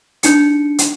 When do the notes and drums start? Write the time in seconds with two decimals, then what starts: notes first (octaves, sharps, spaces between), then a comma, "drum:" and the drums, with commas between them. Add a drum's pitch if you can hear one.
0.23 D4 D#4 C#7, drum: hi-hat
0.79 drum: hi-hat